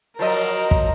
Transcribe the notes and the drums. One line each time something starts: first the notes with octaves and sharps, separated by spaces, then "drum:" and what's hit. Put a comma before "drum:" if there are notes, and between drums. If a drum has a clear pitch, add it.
F3 F#3 A#4 D#5
drum: kick